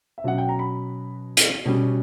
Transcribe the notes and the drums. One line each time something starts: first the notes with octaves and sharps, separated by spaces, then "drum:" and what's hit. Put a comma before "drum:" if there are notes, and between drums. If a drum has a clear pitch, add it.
E5
B2 F#3 C#4 F#5
G5
A#5
B5
drum: hi-hat
B2 G3 C#4